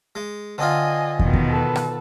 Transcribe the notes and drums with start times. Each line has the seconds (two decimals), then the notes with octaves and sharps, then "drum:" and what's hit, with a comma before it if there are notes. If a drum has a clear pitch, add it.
0.15 G#3
0.58 D3 C4 F4 D#5 G#5
1.19 B2 D#3, drum: kick
1.33 drum: kick
1.50 A4 B4
1.76 drum: rim click